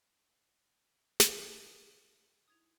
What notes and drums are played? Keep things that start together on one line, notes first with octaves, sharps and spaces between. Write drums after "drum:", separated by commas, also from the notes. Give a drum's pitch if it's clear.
drum: snare
D#4 E4 D#6 G#6 F7